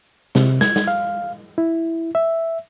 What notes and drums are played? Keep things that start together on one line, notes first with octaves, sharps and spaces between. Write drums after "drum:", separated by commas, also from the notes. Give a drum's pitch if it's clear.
C3, drum: snare
G#6, drum: snare
drum: snare
F5
E4
E5